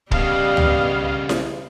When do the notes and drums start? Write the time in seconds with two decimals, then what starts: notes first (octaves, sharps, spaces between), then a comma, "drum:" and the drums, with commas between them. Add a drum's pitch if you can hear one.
0.11 C#3 G3 B3 D4 D#5 F5, drum: kick
0.57 drum: tom
1.29 drum: snare E4